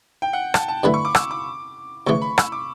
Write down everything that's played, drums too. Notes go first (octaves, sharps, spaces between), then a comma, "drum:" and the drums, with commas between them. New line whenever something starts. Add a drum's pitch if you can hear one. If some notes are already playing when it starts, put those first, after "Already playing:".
G5
F#5
A5, drum: rim click
A5
G2 D3 A3 E4 B4 B5
C#6
D6
E6, drum: rim click
D6
D2 C#3 E3 C#6
B5
E6, drum: rim click
D6